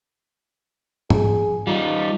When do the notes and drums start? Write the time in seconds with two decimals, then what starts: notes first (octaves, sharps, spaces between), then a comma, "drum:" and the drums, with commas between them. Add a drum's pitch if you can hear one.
1.10 G#4, drum: tom
1.67 G3 D#4 F4